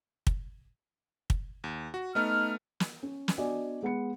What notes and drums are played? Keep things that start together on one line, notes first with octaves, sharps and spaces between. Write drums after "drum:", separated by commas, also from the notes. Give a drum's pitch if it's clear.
drum: kick
drum: kick
D#2
F#4
A3 B3 D#4 F6
drum: snare
C#4
drum: snare
B3 D4 F#4 D5 D#5 G#5
G#3 B3 F#5 B5 C#7